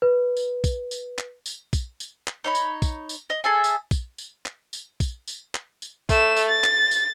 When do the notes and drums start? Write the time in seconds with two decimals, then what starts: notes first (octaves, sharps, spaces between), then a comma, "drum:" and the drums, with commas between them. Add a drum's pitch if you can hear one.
0.02 B4
0.37 drum: tambourine
0.64 drum: kick, tambourine
0.91 drum: tambourine
1.18 drum: clap
1.46 drum: tambourine
1.73 drum: kick, tambourine
2.00 drum: tambourine
2.27 drum: clap
2.44 D#4 C#5 B5
2.55 drum: tambourine
2.82 drum: kick, tambourine
3.09 drum: tambourine
3.30 D#5
3.44 G#4 A4 E5 G#5
3.64 drum: tambourine
3.91 drum: kick, tambourine
4.18 drum: tambourine
4.46 drum: clap
4.73 drum: tambourine
5.00 drum: kick, tambourine
5.27 drum: tambourine
5.55 drum: clap
5.82 drum: tambourine
6.09 A3 E7, drum: kick, tambourine
6.37 drum: tambourine
6.48 A6
6.64 drum: clap
6.91 drum: tambourine